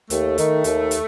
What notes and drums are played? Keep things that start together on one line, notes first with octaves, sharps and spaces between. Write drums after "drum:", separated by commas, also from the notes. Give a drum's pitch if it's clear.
D#2 A3, drum: hi-hat
D#3, drum: hi-hat
D#2, drum: hi-hat
drum: hi-hat